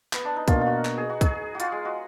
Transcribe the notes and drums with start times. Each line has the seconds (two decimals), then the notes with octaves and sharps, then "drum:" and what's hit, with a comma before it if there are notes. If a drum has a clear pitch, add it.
0.13 B3, drum: clap
0.25 D4
0.36 D#4
0.48 B2 A#3 D4 F4, drum: kick, hi-hat
0.61 F4
0.66 F#4
0.85 drum: clap
0.97 G#4
1.09 F#4
1.21 G#4, drum: kick, hi-hat
1.55 F#4
1.60 F4, drum: hi-hat
1.72 G#3
1.85 F#4